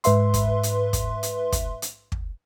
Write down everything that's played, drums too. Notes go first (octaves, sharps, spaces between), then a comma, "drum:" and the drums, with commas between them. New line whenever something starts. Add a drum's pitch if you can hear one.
G#2 B4 E5 C6, drum: hi-hat
drum: kick, hi-hat
drum: hi-hat
drum: kick, hi-hat
drum: hi-hat
drum: kick, hi-hat
drum: hi-hat
drum: kick